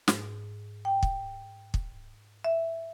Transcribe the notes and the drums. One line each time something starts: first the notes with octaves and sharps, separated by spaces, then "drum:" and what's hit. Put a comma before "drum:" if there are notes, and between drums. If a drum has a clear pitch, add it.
G#2, drum: snare
G5
drum: kick
drum: kick
E5